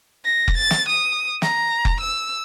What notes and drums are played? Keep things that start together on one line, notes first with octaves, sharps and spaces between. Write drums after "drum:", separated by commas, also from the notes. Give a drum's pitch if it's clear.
A#6
drum: kick F1
A6
drum: snare
D#6
A#5, drum: snare
drum: kick F1
E6